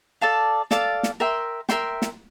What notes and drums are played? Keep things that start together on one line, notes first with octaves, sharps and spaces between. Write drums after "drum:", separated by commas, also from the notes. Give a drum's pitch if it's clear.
A4 D5 F5 A5
A4 D5 F5 A5, drum: snare
drum: snare
A#4 E5 G5 C6
A#4 E5 G5 C6, drum: snare
drum: snare